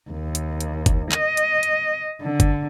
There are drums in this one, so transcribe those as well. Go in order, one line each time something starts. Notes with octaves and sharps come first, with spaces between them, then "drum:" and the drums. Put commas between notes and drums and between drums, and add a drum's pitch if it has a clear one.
D#2
drum: hi-hat
drum: hi-hat
drum: kick, hi-hat
D#5, drum: clap
drum: hi-hat
drum: hi-hat
D3
drum: kick, hi-hat